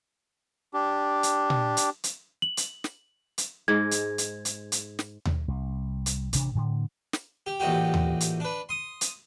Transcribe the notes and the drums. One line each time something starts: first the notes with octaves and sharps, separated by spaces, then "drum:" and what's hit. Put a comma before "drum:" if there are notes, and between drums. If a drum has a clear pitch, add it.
D4 G4
drum: hi-hat
drum: tom A#2
drum: hi-hat
drum: hi-hat
F#7
drum: hi-hat
drum: snare
drum: hi-hat
G#2 G#3 G#6
drum: hi-hat
drum: hi-hat
drum: hi-hat
drum: hi-hat
drum: snare
drum: tom D#2
C2
drum: hi-hat
A1 C3 D4, drum: hi-hat
A2 D3
drum: snare
G4
A1 A#2 D#4 F#4 G4
drum: tom D#2
drum: hi-hat
D4 B4
C6 D#6
drum: hi-hat